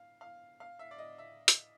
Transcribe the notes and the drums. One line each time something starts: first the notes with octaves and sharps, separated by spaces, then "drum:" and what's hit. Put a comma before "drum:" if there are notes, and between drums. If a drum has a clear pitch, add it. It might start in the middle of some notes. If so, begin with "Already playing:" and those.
Already playing: F5
F5
F5
E5
D5
D#5
E5
drum: hi-hat